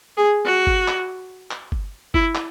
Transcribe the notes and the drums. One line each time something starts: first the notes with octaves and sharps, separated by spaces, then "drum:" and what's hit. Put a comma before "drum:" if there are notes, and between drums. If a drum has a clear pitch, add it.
G#4
F#4
drum: kick G1
drum: clap
drum: clap
drum: kick G1
E4, drum: kick G1
drum: clap